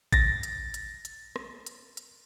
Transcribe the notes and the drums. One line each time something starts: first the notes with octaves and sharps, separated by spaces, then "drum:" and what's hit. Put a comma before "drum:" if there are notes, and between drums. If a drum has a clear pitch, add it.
A6 A#6, drum: kick A1, hi-hat
drum: hi-hat
drum: hi-hat
drum: hi-hat
drum: rim click
drum: hi-hat
drum: hi-hat